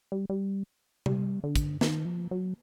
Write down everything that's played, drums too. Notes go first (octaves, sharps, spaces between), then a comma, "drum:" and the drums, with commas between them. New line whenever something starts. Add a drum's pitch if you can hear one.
G3
G3
G3, drum: tom C3
D3
drum: kick, hi-hat
D#3, drum: snare
F3
F#3